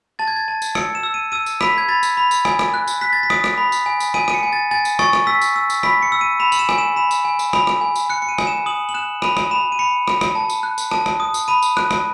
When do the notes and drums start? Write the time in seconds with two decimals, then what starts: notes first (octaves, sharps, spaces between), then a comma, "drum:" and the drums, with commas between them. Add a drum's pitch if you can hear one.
0.19 A5 A6
0.28 G#6
0.36 A6
0.48 A5
0.62 drum: tambourine
0.75 E6 C#7, drum: rim click
0.95 E7
1.03 E6
1.14 D#7
1.32 E6 D#7
1.46 drum: tambourine
1.61 B5 B6, drum: rim click
1.78 G#6
1.88 B5 A6
2.03 drum: tambourine
2.17 B5
2.31 drum: tambourine
2.45 G#5, drum: rim click
2.59 drum: rim click
2.74 F#6
2.88 drum: tambourine
3.01 F#6 B6
3.13 A6
3.23 B6
3.30 D#6, drum: rim click
3.44 drum: rim click
3.58 B5
3.72 drum: tambourine
3.86 G#5
4.00 drum: tambourine
4.14 G#5 D#7, drum: rim click
4.28 D#7, drum: rim click
4.34 C#7
4.43 G#5
4.53 A6
4.71 G#5 A6
4.85 drum: tambourine
4.99 C#6 A6, drum: rim click
5.13 drum: rim click
5.27 E6 B6
5.42 drum: tambourine
5.56 E6
5.70 drum: tambourine
5.83 B5 B6, drum: rim click
6.03 C#7
6.12 E6
6.21 D#7
6.40 B5 E7
6.52 F#7, drum: tambourine
6.59 E7
6.69 G#5, drum: rim click
6.78 E7
6.96 B5 E7
7.11 drum: tambourine
7.25 G#5
7.39 drum: tambourine
7.53 B5, drum: rim click
7.67 drum: rim click
7.81 G#5
7.96 drum: tambourine
8.10 F#6 C#7
8.22 C#7
8.29 D#7
8.38 G#5, drum: rim click
8.47 E7
8.66 D#6 F#7
8.89 F#7
8.94 F#6 E7
9.22 B5 D#7, drum: rim click
9.37 drum: rim click
9.51 B5 E7
9.72 D#7
9.79 B5 C#7
10.08 B5, drum: rim click
10.21 drum: rim click
10.35 A5
10.50 drum: tambourine
10.63 F#6
10.78 drum: tambourine
10.91 A5, drum: rim click
11.06 drum: rim click
11.20 D#6
11.34 drum: tambourine
11.48 B5 D#7
11.62 drum: tambourine
11.77 F#6, drum: rim click
11.91 drum: rim click